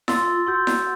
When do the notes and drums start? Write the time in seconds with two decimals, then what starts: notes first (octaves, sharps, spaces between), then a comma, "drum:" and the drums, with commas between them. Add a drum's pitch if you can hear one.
0.08 F4 C6 E6 A6, drum: snare E4
0.47 F#4 C6 E6 G6
0.67 drum: snare E4